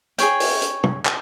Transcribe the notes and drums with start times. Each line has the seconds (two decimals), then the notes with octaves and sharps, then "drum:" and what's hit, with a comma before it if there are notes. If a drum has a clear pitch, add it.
0.18 G#4 C#5 G5, drum: hi-hat
0.40 drum: open hi-hat
0.62 drum: hi-hat
0.84 drum: tom
1.05 drum: clap